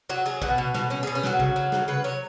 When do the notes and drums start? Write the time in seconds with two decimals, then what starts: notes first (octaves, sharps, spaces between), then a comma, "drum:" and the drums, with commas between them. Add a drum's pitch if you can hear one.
0.10 F#3 F#4
0.26 F#3 G#4
0.42 B2 F#4, drum: kick
0.58 B2
0.74 B2, drum: snare
0.90 B2 C#4
1.03 B2 G#4
1.15 C#4
1.23 F#3 F#4, drum: snare
1.40 C#3, drum: kick
1.56 F#3
1.72 C#3, drum: snare
1.88 C#3 B4
2.04 F#3 C#5